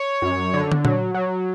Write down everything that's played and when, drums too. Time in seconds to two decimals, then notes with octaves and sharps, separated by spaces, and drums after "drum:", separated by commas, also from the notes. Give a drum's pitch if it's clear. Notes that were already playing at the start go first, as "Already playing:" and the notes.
Already playing: C#5
0.22 F#2
0.54 D3
0.72 drum: tom
0.85 F#3, drum: tom A#2
1.14 F#3